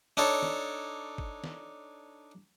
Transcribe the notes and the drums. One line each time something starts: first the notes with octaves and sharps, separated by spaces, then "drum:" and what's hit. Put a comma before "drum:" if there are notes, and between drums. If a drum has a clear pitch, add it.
D4 D#4 A4 C#5
drum: snare
drum: kick
drum: snare